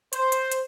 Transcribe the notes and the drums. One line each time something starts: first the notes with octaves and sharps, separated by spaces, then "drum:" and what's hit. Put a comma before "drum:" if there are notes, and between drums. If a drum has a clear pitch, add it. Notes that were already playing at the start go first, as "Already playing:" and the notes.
C5, drum: hi-hat
drum: hi-hat
drum: hi-hat